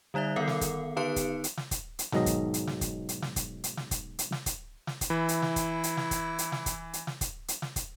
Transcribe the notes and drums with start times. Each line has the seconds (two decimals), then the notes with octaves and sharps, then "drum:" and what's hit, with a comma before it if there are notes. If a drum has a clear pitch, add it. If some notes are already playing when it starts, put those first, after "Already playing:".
0.14 D3 G3 D#4 D5 E5
0.36 D#3 B3 A4 A#4 F5
0.48 drum: snare
0.61 drum: kick, hi-hat
0.97 D3 B3 D#4 B4 C6 C#7
1.16 drum: kick, hi-hat
1.44 drum: hi-hat
1.57 drum: snare
1.71 drum: kick, hi-hat
1.99 drum: hi-hat
2.12 B1 G#2 D#3 F#3 D#5, drum: snare
2.26 drum: kick, hi-hat
2.54 drum: hi-hat
2.67 drum: snare
2.81 drum: kick, hi-hat
3.09 drum: hi-hat
3.22 drum: snare
3.36 drum: kick, hi-hat
3.64 drum: hi-hat
3.77 drum: snare
3.91 drum: kick, hi-hat
4.19 drum: hi-hat
4.32 drum: snare
4.46 drum: kick, hi-hat
4.87 drum: snare
5.01 drum: kick, hi-hat
5.10 E3 E4
5.29 drum: hi-hat
5.42 drum: snare
5.56 drum: kick, hi-hat
5.83 drum: hi-hat
5.97 drum: snare
6.11 drum: kick, hi-hat
6.38 drum: hi-hat
6.52 drum: snare
6.66 drum: kick, hi-hat
6.93 drum: hi-hat
7.07 drum: snare
7.21 drum: kick, hi-hat
7.48 drum: hi-hat
7.62 drum: snare
7.76 drum: kick, hi-hat